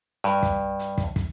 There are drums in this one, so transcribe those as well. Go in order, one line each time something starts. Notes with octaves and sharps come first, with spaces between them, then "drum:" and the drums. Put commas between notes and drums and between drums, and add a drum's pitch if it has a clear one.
G2, drum: hi-hat
drum: kick, hi-hat
drum: hi-hat
drum: kick, hi-hat
drum: kick, hi-hat